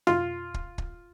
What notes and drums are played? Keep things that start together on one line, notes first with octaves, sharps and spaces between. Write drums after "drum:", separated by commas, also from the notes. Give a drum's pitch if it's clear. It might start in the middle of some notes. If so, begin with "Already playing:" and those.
F4, drum: tom
drum: kick
drum: kick